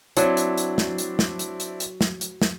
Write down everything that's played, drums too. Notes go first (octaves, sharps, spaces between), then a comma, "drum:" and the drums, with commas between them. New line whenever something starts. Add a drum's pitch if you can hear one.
F#3 C4 D4 E4, drum: hi-hat
drum: hi-hat
drum: hi-hat
drum: snare
drum: hi-hat
drum: snare
drum: hi-hat
drum: hi-hat
drum: hi-hat
drum: snare
drum: hi-hat
drum: snare